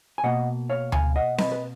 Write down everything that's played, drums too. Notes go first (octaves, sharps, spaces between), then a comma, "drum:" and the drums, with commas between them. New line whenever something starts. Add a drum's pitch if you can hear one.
G#5
B2 A#3 D#5 F#5
C#5 F5
F5 G#5, drum: tom D2
D#5 F#5
B4 D#5, drum: snare C4
B4